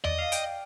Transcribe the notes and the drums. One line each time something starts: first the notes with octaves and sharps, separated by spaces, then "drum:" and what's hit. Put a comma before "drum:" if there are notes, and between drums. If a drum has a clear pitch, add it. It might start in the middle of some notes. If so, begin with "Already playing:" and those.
D5 D#5, drum: tom E2
F5
G5, drum: hi-hat